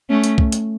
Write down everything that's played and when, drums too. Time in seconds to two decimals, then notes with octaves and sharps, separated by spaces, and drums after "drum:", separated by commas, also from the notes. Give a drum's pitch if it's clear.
0.10 A3 C#4
0.24 drum: hi-hat
0.38 drum: kick B1
0.52 drum: hi-hat